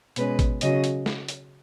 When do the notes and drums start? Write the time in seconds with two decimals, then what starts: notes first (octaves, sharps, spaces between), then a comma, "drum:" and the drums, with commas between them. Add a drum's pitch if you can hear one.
0.16 B2 G#3 C#4 B4, drum: hi-hat
0.39 drum: kick G#1, hi-hat
0.61 C#3 F#3 C#4 D#5, drum: hi-hat
0.84 drum: hi-hat
1.06 drum: snare
1.28 drum: hi-hat